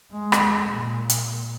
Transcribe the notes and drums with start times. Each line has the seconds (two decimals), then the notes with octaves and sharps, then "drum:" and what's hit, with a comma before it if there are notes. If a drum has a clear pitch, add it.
0.12 G#3
0.32 drum: rim click
0.71 A#2
1.10 drum: hi-hat